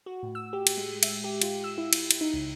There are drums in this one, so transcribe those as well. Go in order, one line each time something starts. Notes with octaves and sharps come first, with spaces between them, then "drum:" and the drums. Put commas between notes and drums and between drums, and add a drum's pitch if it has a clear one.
F#4
A2
E6
G4
drum: cymbal
G#3
E5, drum: cymbal
G4
F4, drum: cymbal
E6
E4
drum: cymbal
drum: cymbal
D#4
C#2